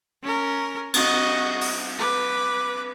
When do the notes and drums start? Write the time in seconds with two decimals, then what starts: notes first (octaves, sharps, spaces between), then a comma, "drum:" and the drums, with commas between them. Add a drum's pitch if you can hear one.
0.23 C#4 A#4
0.94 F#4 D#5, drum: cymbal
1.61 drum: open hi-hat
1.98 B4 D6